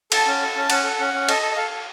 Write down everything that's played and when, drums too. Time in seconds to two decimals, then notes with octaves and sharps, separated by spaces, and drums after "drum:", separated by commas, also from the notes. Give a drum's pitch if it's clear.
0.12 A4 A5, drum: cymbal
0.26 C#4
0.42 A4
0.56 C#4
0.70 C#4 F#5, drum: cymbal
0.84 A4
0.99 C#4 F#5
1.14 C#4
1.29 A4 D#5, drum: cymbal
1.42 A4
1.52 D#5
1.56 A4 F5
1.71 A4